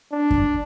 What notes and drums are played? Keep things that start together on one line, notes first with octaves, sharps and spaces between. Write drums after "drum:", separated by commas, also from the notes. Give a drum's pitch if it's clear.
D4
drum: kick F#2